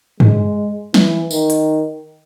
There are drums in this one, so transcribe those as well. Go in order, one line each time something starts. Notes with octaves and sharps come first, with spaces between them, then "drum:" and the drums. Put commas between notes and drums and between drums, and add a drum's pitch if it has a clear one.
G#3, drum: tom G2
E3, drum: snare
D#3, drum: tambourine
drum: hi-hat